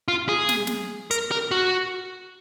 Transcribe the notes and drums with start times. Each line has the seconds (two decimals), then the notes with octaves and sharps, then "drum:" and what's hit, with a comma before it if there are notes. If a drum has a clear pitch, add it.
0.08 F4
0.29 G#4
0.49 drum: snare
0.67 drum: snare
1.11 A#4, drum: hi-hat
1.31 A#4
1.51 F#4